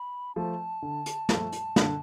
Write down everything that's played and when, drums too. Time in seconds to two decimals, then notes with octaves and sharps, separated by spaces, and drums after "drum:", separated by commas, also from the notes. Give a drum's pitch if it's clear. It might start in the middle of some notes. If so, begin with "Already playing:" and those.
Already playing: B5
0.36 F3 A3 A5
0.82 D3
1.06 drum: hi-hat
1.29 F3 A3, drum: snare
1.52 drum: hi-hat
1.76 D3, drum: snare